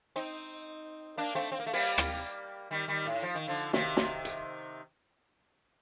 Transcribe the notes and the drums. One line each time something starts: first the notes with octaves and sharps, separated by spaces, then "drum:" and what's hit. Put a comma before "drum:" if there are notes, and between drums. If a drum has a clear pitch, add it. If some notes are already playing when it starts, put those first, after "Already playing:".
C4 D#4
A#3 D4
A3 C4
C4
A#3
A3
G3 A#3, drum: open hi-hat
drum: rim click
D#3 G3
D#3 G3
A2
F3
D#3
D3 F3
C3 D#3, drum: snare
drum: snare
drum: hi-hat